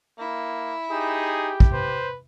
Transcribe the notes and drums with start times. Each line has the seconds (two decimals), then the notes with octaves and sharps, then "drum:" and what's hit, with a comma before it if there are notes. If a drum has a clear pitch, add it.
0.19 A#3 E4
0.91 D#4 G4 G#4
1.60 drum: kick
1.73 B4 C5